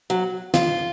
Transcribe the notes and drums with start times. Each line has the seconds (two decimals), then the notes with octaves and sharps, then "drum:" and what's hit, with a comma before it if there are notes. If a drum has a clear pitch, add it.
0.10 F#3
0.54 F4, drum: snare